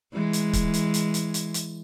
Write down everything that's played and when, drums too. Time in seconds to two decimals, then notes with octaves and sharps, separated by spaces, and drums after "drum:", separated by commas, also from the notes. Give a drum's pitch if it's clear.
0.13 E3 G#3
0.33 drum: hi-hat
0.53 drum: kick C#1, hi-hat
0.74 drum: hi-hat
0.94 drum: hi-hat
1.14 drum: hi-hat
1.34 drum: hi-hat
1.54 drum: hi-hat